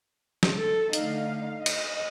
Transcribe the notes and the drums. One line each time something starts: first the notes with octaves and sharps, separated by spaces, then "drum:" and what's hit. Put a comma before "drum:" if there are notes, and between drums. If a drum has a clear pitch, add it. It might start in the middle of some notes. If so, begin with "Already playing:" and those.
drum: snare
A4
D3 A3 D#4 F5, drum: hi-hat
D#5, drum: cymbal